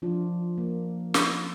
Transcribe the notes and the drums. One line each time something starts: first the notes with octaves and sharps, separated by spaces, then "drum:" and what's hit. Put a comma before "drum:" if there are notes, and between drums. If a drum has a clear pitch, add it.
F3 D4 F4
A#3
drum: snare